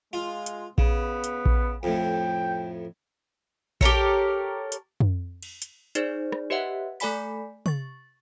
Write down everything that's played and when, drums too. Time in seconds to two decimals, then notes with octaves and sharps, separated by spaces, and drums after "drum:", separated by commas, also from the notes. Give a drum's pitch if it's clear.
0.13 G#3 F4
0.46 drum: hi-hat
0.78 C#3 B3, drum: kick A#1
1.24 drum: hi-hat
1.46 drum: kick A#1
1.83 F2 A2 G5
3.81 G4 A4 A#4 C#5, drum: kick A#1
4.72 drum: hi-hat
5.00 drum: tom
5.42 drum: cymbal
5.62 drum: hi-hat
5.95 D#4 G#4 C5 D5, drum: hi-hat
6.32 drum: rim click
6.50 G4 B4 C#5 D#5 E5 F#5
7.00 A3 A4 D5 G#5 B5 B6, drum: open hi-hat
7.66 C#6 A6, drum: tom